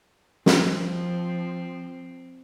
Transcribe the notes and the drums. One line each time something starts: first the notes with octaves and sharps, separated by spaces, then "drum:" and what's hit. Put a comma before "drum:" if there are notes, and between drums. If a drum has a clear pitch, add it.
F3 C4, drum: snare